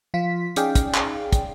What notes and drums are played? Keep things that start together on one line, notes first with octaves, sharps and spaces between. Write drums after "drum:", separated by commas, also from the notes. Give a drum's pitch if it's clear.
F3 F4 B6
C#4 D#4 G#4 D5 F5 G5, drum: hi-hat
drum: kick, hi-hat
drum: clap
drum: kick, hi-hat